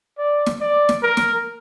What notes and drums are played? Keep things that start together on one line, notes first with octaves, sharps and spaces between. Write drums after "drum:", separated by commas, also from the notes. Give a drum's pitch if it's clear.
D5
drum: snare
D5
drum: snare
A#4
drum: snare